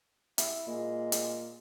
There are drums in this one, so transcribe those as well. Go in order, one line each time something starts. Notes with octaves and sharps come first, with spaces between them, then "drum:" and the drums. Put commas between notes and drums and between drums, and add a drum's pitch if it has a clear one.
E4, drum: hi-hat
A#2 G#3
drum: hi-hat